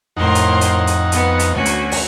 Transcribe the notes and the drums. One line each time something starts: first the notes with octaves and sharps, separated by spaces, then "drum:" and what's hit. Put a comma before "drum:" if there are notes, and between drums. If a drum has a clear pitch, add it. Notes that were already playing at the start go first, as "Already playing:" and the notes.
F2 A2 D#4 A#4 C5 F#5
drum: hi-hat
drum: hi-hat
drum: hi-hat
B3, drum: hi-hat
drum: hi-hat
D2 C#4 F#4
drum: hi-hat
drum: open hi-hat